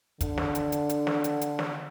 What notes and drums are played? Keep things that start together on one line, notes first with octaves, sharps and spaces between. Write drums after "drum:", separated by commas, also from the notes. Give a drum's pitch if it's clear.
D3, drum: kick, hi-hat
drum: snare
drum: hi-hat
drum: hi-hat
drum: hi-hat
drum: snare
drum: hi-hat
drum: hi-hat
drum: snare